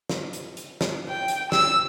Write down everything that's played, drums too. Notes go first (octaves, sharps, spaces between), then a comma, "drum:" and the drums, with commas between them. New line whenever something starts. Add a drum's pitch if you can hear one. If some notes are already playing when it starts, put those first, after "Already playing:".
drum: snare
drum: hi-hat
drum: hi-hat
drum: snare
G5
drum: hi-hat
E6, drum: snare